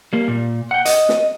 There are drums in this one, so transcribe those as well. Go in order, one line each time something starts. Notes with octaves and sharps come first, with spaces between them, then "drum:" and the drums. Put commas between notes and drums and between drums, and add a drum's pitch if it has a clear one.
G3 A#3
A#2
F#5 G5
D#5, drum: hi-hat
drum: snare